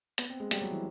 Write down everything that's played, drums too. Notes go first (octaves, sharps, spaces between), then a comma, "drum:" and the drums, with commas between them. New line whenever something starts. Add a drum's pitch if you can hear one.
B3, drum: hi-hat
C4
G#3
G3, drum: hi-hat
F#3
E3